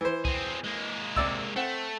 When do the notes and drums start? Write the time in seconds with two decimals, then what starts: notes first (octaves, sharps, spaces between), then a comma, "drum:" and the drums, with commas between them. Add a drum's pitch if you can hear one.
0.01 E3 C5
0.25 C4 G#4, drum: kick C2
0.64 G#3 A#3
1.16 C3 D5 E6, drum: kick C2
1.56 A3 C4 F#5